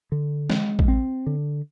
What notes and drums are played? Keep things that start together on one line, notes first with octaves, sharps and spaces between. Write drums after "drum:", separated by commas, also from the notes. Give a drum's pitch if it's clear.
D3
G#3, drum: snare
drum: kick A1
C4
D3